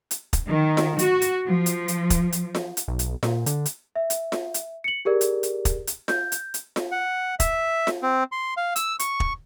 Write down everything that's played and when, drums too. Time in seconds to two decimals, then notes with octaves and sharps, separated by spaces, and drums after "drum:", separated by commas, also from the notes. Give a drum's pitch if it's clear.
0.11 drum: hi-hat
0.33 drum: kick, hi-hat
0.47 D#3
0.77 drum: snare F4
0.99 F#4, drum: hi-hat
1.22 drum: hi-hat
1.47 F3
1.66 drum: hi-hat
1.88 drum: hi-hat
2.10 drum: kick, hi-hat
2.32 drum: hi-hat
2.55 drum: snare F4
2.77 drum: hi-hat
2.88 B1
2.99 drum: hi-hat
3.23 A#2, drum: snare F4
3.46 D3, drum: hi-hat
3.66 drum: hi-hat
3.96 E5
4.10 drum: hi-hat
4.32 drum: snare F4
4.54 drum: hi-hat
4.84 C#7 F#7
5.05 G4 G#4 A#4 D5
5.21 drum: hi-hat
5.43 drum: hi-hat
5.65 drum: kick, hi-hat
5.87 drum: hi-hat
6.08 G6, drum: snare F4
6.32 drum: hi-hat
6.54 drum: hi-hat
6.76 drum: snare F4
6.92 F#5
7.40 E5, drum: kick, hi-hat
7.87 drum: snare F4
8.03 C4
8.32 C6
8.57 F5
8.76 E6, drum: hi-hat
8.99 C#6, drum: hi-hat
9.20 drum: kick